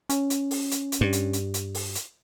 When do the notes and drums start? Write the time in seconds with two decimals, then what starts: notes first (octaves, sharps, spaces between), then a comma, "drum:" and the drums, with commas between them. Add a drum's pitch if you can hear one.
0.09 C#4, drum: hi-hat
0.30 drum: hi-hat
0.51 drum: open hi-hat
0.71 drum: hi-hat
0.92 drum: hi-hat
1.01 G2
1.13 drum: hi-hat
1.33 drum: hi-hat
1.54 drum: hi-hat
1.75 drum: open hi-hat
1.95 drum: hi-hat